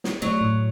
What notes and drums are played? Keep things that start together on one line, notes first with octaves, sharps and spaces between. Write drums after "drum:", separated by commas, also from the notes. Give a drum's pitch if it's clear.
drum: snare
F#3 A3
A2